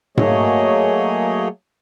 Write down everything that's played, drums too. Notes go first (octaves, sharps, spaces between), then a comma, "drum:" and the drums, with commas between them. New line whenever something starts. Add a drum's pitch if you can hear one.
F#3 A3 A#3 G#4 C#5 D#5, drum: tom G#2